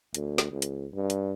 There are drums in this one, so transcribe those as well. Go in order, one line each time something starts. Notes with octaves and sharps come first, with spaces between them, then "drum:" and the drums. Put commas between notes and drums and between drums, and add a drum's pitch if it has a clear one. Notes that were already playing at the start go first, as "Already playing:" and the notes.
D2, drum: hi-hat
drum: snare
C#2
drum: hi-hat
G2
drum: hi-hat